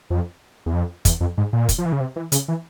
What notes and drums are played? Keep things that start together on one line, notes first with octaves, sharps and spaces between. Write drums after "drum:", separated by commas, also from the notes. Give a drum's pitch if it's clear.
F2
E2
F2
E2, drum: kick, hi-hat
F2
G#2
A#2
drum: kick, hi-hat
F3
E3
C#3
C3
E3
C#3, drum: hi-hat
E3